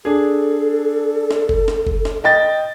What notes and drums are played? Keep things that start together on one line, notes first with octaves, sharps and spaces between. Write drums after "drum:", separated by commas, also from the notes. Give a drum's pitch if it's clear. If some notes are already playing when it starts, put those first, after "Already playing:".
D4 G#4 A4
drum: snare
drum: kick F#1
drum: snare
drum: kick F#1
drum: snare
D#5 G5 A6